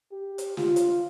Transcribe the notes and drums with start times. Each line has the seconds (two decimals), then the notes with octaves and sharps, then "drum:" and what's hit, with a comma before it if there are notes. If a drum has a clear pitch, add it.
0.12 G4
0.38 drum: hi-hat
0.57 F4, drum: snare
0.76 drum: hi-hat